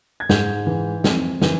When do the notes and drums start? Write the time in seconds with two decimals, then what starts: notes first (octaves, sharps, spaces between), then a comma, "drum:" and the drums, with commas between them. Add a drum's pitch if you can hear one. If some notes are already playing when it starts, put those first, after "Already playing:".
0.20 G#6
0.29 G#2 G6, drum: snare
0.67 E3
1.04 F2, drum: snare
1.41 E3, drum: snare